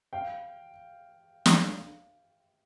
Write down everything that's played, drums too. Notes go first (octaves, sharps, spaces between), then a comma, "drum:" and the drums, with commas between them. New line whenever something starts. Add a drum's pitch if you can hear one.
F5 G5
drum: snare